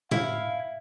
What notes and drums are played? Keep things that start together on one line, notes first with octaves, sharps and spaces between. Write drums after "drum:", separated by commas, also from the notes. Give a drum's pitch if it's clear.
E4 F5, drum: tom A2